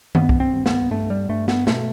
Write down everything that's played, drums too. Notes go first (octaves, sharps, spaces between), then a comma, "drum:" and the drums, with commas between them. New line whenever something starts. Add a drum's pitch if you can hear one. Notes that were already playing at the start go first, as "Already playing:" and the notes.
G2 B3, drum: tom D#3
drum: kick
C4
G2
B3, drum: snare
G2 A3
G3
G2 A3
B3, drum: snare
B2 A3, drum: snare